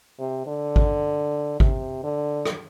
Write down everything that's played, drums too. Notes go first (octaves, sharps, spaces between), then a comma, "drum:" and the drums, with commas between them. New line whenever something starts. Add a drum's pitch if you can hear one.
C3
D3
drum: kick G#1
C3, drum: kick G#1
D3
drum: rim click